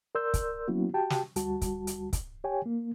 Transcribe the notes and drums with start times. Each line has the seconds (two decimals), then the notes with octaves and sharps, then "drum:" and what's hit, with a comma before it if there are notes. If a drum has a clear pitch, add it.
0.15 A#4 D5 C6 E6 G6
0.34 drum: kick, hi-hat
0.68 F#3 A#3 B3 C#4 E4 F#4
0.94 F#4 G4 G5 A5
1.10 drum: snare
1.36 D2 G3 F#4 A5, drum: hi-hat
1.62 drum: kick, hi-hat
1.87 drum: hi-hat
2.13 drum: kick, hi-hat
2.44 G4 C#5 G5 G#5
2.66 A#3